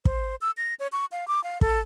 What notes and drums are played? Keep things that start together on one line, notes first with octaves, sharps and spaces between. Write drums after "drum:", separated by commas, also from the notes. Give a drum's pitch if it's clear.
C5, drum: kick
E6
A#6
C#5
C#6
F5
D6
F5
A4, drum: kick